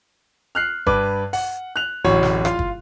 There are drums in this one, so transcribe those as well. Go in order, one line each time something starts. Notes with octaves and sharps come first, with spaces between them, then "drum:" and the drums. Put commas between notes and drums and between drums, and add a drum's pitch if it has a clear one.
F6 F#6 C7
G2 B4 D6, drum: kick
F#5, drum: open hi-hat
F#6 F7
D1 A1 F#4 C#5
drum: snare
F4 F5, drum: rim click
drum: kick